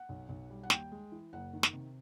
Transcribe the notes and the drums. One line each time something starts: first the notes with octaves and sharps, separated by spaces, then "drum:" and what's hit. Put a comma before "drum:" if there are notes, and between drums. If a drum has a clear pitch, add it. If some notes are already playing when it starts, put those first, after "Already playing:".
Already playing: F#5
B1
B1
G3
F#5
D#2 G5, drum: snare
G#3
E3
F#1 F#5
D#3
drum: snare
C3